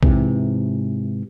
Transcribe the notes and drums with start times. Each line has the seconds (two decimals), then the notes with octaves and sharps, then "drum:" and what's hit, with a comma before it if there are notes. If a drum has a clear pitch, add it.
0.03 G#2 C3 E3, drum: kick A#1